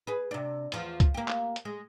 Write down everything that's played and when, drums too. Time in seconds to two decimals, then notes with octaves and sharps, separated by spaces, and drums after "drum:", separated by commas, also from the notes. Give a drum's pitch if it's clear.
0.07 G#4 B4
0.31 C3 D4
0.72 E2 F3, drum: hi-hat
1.00 drum: kick, hi-hat
1.14 A#3 G4
1.28 drum: clap
1.56 drum: hi-hat
1.65 G#3